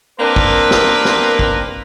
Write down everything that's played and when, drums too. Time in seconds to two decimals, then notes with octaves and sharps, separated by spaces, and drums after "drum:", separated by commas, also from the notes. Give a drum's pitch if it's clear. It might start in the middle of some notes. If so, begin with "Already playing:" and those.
0.19 A#3 C4 D4 A#4 B4
0.36 drum: kick
0.71 drum: snare
1.05 drum: snare
1.39 drum: kick